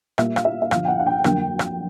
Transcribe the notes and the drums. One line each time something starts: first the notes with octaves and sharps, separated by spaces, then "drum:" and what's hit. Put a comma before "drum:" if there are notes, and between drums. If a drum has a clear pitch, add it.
A#2 G3 A#3 E5, drum: rim click
F5, drum: rim click
E5
E5
G2 D3 F3 F5, drum: rim click
G5
F#5
F#5
G5
F2 D3 F#3 A#3, drum: rim click
drum: rim click